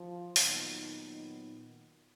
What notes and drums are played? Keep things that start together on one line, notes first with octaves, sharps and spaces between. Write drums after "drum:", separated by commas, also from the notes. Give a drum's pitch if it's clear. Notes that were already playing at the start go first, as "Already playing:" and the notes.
Already playing: F3
A#2 D#3 F#3 B3 D#4, drum: open hi-hat